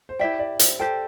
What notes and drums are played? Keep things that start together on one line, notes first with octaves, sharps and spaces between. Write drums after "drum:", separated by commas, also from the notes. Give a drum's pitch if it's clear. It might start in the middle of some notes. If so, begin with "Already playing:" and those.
C5
E4 G4 D5 E5 G5
D5
C5, drum: hi-hat
G4 A4 C5 G5